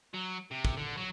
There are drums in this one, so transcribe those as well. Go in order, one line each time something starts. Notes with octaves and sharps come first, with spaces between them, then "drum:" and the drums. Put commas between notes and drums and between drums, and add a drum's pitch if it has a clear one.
F#3
C3
drum: kick
D3
F#3